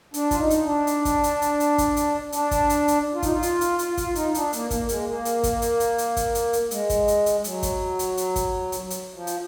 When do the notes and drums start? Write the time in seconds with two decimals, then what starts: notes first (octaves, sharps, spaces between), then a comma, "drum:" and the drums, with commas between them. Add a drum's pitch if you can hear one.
0.14 D4, drum: hi-hat
0.31 F4, drum: kick, hi-hat
0.39 D#4
0.50 drum: hi-hat
0.63 D4
0.87 drum: hi-hat
1.05 drum: kick, hi-hat
1.23 drum: hi-hat
1.42 drum: hi-hat
1.60 drum: hi-hat
1.78 drum: kick, hi-hat
1.97 drum: hi-hat
2.32 D4, drum: hi-hat
2.51 drum: kick, hi-hat
2.70 drum: hi-hat
2.88 drum: hi-hat
3.15 F4
3.22 D#4, drum: kick, hi-hat
3.31 F4
3.43 drum: hi-hat
3.61 drum: hi-hat
3.79 F4, drum: hi-hat
3.97 F4, drum: kick, hi-hat
4.15 D#4, drum: hi-hat
4.34 D4, drum: hi-hat
4.53 A#3, drum: hi-hat
4.71 A#3, drum: kick, hi-hat
4.89 G#3, drum: hi-hat
5.06 A#3
5.25 drum: hi-hat
5.43 drum: kick, hi-hat
5.62 drum: hi-hat
5.80 drum: hi-hat
5.98 drum: hi-hat
6.16 drum: kick, hi-hat
6.35 drum: hi-hat
6.53 drum: hi-hat
6.71 G#3, drum: hi-hat
6.90 drum: kick, hi-hat
7.08 drum: hi-hat
7.26 drum: hi-hat
7.44 F#3, drum: hi-hat
7.63 drum: kick, hi-hat
7.99 drum: hi-hat
8.17 drum: hi-hat
8.36 drum: kick, hi-hat
8.72 drum: hi-hat
8.90 drum: hi-hat
9.14 F3
9.27 drum: hi-hat